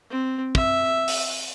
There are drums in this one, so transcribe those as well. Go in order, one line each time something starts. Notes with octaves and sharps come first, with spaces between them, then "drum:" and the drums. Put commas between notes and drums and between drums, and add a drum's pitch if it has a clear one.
C4
E5, drum: kick
drum: open hi-hat